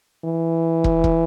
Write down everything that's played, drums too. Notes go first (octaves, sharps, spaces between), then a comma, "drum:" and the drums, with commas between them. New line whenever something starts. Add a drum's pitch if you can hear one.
E3
drum: kick
drum: kick